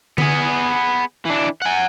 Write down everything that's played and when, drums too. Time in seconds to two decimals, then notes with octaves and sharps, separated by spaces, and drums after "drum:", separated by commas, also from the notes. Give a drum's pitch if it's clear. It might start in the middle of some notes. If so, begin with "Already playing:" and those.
0.18 B3 G#4, drum: tom D3
1.25 E3 D4
1.62 F#5 G#5